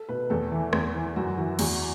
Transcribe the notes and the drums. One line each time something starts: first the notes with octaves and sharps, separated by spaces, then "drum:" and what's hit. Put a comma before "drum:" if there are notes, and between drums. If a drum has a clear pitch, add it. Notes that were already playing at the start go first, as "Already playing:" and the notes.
Already playing: A4
B2 B4
E2 A4
E3
E2, drum: rim click
E3
F#2 F#4
E3 F#4
E2 F#4, drum: cymbal